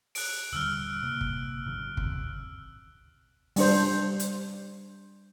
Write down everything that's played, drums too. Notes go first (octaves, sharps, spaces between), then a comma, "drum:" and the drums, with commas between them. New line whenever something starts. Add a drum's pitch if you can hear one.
F#6 D7, drum: open hi-hat
D#1 D3 G3 E6 F6
C3 A#3
drum: kick
G#1 C#3 F#3
A#1 D#2 C3, drum: kick
G3 D4 C5, drum: open hi-hat
drum: hi-hat